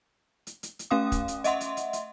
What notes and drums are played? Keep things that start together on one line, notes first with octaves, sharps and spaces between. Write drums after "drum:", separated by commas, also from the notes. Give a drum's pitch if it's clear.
drum: hi-hat
drum: hi-hat
drum: hi-hat
A3 C#4 F5 D#6
drum: kick, hi-hat
drum: hi-hat
D#5 E5 F#5 C6, drum: hi-hat
drum: hi-hat
drum: hi-hat
drum: hi-hat